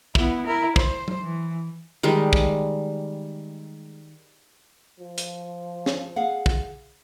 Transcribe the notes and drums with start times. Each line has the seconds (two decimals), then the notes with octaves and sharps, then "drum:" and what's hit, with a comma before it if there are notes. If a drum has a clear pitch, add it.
0.15 B3 E4, drum: kick
0.47 E4 A#4
0.76 C5, drum: kick
1.08 drum: tom F#3
1.23 E3
2.03 D#3 G3 G#3
2.33 drum: kick
4.99 F3
5.18 drum: hi-hat
5.86 drum: snare
6.16 G#4 F5 F#5
6.46 drum: kick